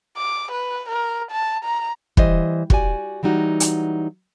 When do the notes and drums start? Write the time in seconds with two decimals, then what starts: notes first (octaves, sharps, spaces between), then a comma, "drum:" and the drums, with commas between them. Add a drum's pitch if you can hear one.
0.17 D6
0.52 B4
0.89 A#4
1.31 A5
1.64 A#5
2.17 E3 G3 C5 D#5, drum: kick
2.70 F#4 G4 A#4 D5 G#5, drum: kick
3.23 E3 F#3 G3 D#4 F#4
3.60 drum: hi-hat